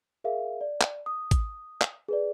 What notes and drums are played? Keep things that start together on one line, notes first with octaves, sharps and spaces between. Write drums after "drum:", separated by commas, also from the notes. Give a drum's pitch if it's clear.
G#4 A#4 E5 F5
D5
drum: clap
D#6
drum: kick A1, hi-hat
drum: clap
G#4 B4 D5